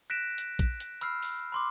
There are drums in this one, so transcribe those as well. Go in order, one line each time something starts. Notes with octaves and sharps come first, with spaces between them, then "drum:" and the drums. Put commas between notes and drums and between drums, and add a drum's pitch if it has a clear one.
F#6 A#6 B6 D7 E7
drum: hi-hat
drum: kick A#1, hi-hat
drum: hi-hat
B5 E6 F6 C7, drum: hi-hat
drum: open hi-hat
B5 C6 D6